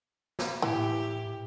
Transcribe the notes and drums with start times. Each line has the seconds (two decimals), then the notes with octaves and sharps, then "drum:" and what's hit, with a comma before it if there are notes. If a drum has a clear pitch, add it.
0.39 drum: snare
0.62 A2 E3 E4 G4